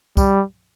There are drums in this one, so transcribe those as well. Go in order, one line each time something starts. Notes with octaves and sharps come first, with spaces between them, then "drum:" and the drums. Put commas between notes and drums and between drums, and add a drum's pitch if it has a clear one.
G3, drum: kick, tambourine